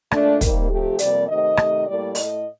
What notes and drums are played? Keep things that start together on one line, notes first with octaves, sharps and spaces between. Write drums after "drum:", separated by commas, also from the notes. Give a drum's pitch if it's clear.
A#2 A3 D4, drum: rim click
C3 D#3 G3 A#3, drum: kick, hi-hat
C3 F3 A3 G4
F2 C3 G3 A#3 D5, drum: hi-hat
C3 D#3 A3 D#5
C3 D#3 A3, drum: rim click
A2 G3 A#3 D5
A2 A3 D#5, drum: open hi-hat